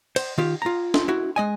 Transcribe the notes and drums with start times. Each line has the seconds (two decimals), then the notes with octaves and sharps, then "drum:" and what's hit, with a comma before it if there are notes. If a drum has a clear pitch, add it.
0.16 C5, drum: cymbal
0.38 D#3 F4 G4
0.62 F4 A#5
0.94 drum: snare
1.08 E4 F#4
1.36 G#3 D#5 G#5